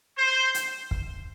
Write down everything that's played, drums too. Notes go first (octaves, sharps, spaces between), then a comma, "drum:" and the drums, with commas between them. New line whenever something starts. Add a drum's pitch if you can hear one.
C5
drum: hi-hat
drum: kick